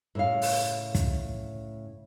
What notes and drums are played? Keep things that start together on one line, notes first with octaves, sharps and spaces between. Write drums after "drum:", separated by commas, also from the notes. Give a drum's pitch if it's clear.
A2 C#3 F5
drum: open hi-hat
drum: kick, hi-hat